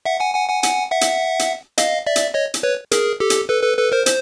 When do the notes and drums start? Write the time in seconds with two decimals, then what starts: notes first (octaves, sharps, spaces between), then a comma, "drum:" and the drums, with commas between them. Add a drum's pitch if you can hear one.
0.05 E5 F#5
0.20 F#5 G#5
0.34 F#5 G#5
0.49 F#5 G#5
0.63 F#5 G#5, drum: hi-hat
0.92 E5 F#5
1.01 drum: hi-hat
1.39 drum: hi-hat
1.78 D#5 F5, drum: hi-hat
2.07 D5 E5
2.16 drum: hi-hat
2.34 C#5 D#5
2.54 drum: hi-hat
2.63 B4 C#5
2.91 G#4 A#4, drum: hi-hat
3.20 G4 A4
3.30 drum: hi-hat
3.49 A4 B4
3.63 A4 B4
3.78 A4 B4
3.92 A#4 C5
4.06 C5, drum: hi-hat